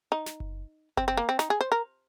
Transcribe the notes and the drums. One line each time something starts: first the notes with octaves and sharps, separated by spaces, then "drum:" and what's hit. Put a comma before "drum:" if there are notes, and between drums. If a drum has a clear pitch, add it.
D#4
drum: snare
drum: kick F#1
C4, drum: kick F#1
C4
A#3
C4
D#4, drum: snare
G#4
C5
A#4